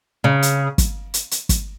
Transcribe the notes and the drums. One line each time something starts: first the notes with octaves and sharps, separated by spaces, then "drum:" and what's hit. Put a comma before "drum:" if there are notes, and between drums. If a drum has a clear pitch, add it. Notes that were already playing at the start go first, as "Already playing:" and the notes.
C#3
drum: hi-hat
drum: kick, hi-hat
drum: hi-hat
drum: hi-hat
drum: kick, hi-hat